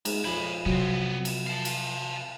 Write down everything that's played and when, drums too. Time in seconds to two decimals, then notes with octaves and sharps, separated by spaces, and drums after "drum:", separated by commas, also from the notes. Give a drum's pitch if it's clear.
0.05 G#2, drum: cymbal
0.25 F2 C#5 G#5 B5
0.66 C3 F#3 B3 C4
1.25 drum: cymbal
1.47 F5 A5
1.65 drum: cymbal